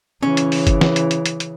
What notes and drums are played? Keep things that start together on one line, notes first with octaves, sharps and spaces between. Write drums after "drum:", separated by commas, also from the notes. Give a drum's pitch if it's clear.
C#3 E3 C#4
drum: hi-hat
drum: open hi-hat
drum: kick F#1, hi-hat
drum: snare
drum: hi-hat
drum: hi-hat
drum: hi-hat
drum: hi-hat